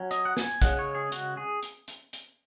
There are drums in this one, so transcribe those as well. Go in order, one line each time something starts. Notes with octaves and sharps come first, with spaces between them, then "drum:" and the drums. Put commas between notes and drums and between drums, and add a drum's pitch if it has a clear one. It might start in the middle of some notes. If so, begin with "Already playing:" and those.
Already playing: F#3 C#4
D#5, drum: hi-hat
F#5
G#5, drum: snare
C#3 G#3 C#4 F#5, drum: kick, hi-hat
C#5
G#4
F#4, drum: hi-hat
G#4
drum: hi-hat
drum: hi-hat
drum: hi-hat